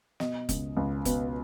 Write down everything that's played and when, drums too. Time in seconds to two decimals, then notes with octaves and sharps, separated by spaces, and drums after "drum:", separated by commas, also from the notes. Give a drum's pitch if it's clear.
0.20 B2 D#5, drum: snare
0.49 C#2, drum: kick F1, hi-hat
0.77 C#2
1.05 B2 B4, drum: kick F1, hi-hat